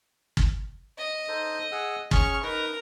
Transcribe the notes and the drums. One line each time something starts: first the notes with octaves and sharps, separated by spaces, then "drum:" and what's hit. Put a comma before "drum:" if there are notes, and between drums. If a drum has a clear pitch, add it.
drum: kick
D#5
D#4 A4 C5
G#4 F#5 E6
C#4 G#4 C#6 F6, drum: kick
D#4 A#4 B4 A#5